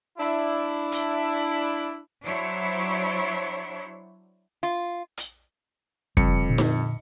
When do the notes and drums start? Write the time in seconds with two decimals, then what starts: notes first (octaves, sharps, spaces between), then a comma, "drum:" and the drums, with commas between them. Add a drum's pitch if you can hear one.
0.18 D4 E4
0.92 drum: hi-hat
2.24 F#3 D4 E4 C5 C#5
4.63 F4
5.17 drum: hi-hat
6.17 F2 C#3 G3 C#7, drum: kick
6.49 A#2 D3 D4
6.58 drum: snare D#4